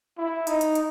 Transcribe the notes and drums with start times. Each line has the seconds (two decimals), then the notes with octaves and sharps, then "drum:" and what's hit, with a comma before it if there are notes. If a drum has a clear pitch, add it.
0.18 E4
0.47 D#4, drum: hi-hat
0.61 drum: hi-hat
0.75 drum: hi-hat